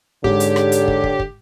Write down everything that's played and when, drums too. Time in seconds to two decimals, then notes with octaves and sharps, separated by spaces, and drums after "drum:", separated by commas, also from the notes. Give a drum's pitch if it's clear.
0.24 G#2 D3 G4 C#5, drum: kick
0.40 drum: hi-hat
0.56 drum: rim click
0.72 drum: hi-hat
0.88 drum: kick
1.04 drum: kick
1.19 drum: kick